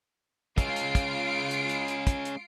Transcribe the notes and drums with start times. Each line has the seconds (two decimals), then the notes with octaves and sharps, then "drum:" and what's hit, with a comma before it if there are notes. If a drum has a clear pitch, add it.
0.58 G#3 C#4 F4 C7 D7, drum: kick, hi-hat
0.76 drum: hi-hat
0.95 drum: kick, hi-hat
1.51 drum: hi-hat
1.69 drum: hi-hat
1.88 drum: hi-hat
2.07 drum: kick, hi-hat
2.25 drum: hi-hat